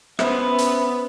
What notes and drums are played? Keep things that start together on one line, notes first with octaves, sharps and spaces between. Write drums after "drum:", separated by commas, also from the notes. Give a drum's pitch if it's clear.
B3 C#4 C5 E5, drum: rim click
drum: hi-hat